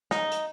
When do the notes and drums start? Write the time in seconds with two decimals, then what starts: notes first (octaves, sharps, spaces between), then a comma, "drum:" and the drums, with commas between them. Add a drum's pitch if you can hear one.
0.11 D#4, drum: snare
0.32 drum: hi-hat